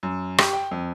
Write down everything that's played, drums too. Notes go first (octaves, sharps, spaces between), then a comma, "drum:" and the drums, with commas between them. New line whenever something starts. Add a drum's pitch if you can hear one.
F#2
G4, drum: rim click
G5
F2